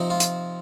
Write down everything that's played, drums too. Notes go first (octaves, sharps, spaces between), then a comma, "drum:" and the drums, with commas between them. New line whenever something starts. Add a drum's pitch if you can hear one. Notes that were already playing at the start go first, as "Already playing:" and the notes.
Already playing: C3 F3 C4 D#4
F4
drum: hi-hat